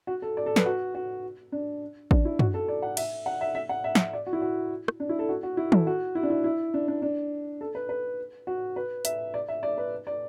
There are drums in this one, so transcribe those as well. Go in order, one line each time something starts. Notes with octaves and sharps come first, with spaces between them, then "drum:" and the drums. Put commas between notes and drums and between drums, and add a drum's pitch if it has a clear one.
F#4
A4
D5
A4
B4, drum: snare
F#4
F#4
D4
D4, drum: kick A1
E4
F#4, drum: tom
A4
D5
F#5
E5, drum: cymbal
F#5
E5
E5
F#5
E5
drum: snare
D5
F#4
E4
F#4
drum: rim click
D4
E4
A4
F#4
F#4
E4
A4, drum: tom
F#4
E4
D4
E4
E4
D4
D4
D4
A4
B4
B4
F#4
B4
E5, drum: hi-hat
D5
E5
D5
B4
D5